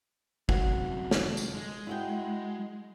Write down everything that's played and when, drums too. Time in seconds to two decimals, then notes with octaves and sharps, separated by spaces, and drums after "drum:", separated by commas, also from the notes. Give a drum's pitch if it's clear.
0.49 F#2 C3 F#4, drum: kick
1.11 drum: snare
1.37 drum: tambourine
1.54 G#3
1.87 E4 F#4 G5